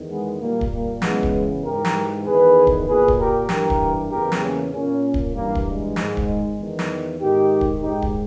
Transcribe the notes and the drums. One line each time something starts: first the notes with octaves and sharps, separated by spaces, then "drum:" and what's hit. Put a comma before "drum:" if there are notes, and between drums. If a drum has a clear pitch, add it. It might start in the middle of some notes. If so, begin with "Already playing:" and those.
Already playing: E2 D#3
G#3 B3
A#2 G3 A#3
drum: kick D1
G3 A#3
E2 C#3 E3 G#3 B3, drum: snare
drum: kick D1
G#2 E3 G4 A#4
drum: snare
E2 D#3 G#4 B4
drum: kick D1
A#2 G#4 B4
drum: kick D1
G4 A#4
G2 E3 G4 A#4, drum: snare
drum: kick D1
E2 C#3 E3 G4 A#4
drum: snare
A#3 C#4
A#2 A#3 C#4
drum: kick D1
G2 E3 G3 A#3
drum: kick D1
G#3
G#2 D#3, drum: snare
drum: kick D1
E2 D#3
drum: snare
G#2 D#3 D#4 G4
drum: kick D1
G#2 D#3 D#4 G4
drum: kick D1